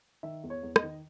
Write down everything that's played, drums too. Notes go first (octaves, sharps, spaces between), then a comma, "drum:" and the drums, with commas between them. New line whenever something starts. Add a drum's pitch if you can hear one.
D#3 E5
E2
C#5
E2
D#5, drum: rim click
D#3